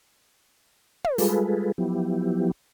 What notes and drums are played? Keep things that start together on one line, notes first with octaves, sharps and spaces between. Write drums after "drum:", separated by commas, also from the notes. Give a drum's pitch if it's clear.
drum: tom
G3 G#3 F4 G#4 A4 B4, drum: open hi-hat
F3 F#3 B3 E4 G4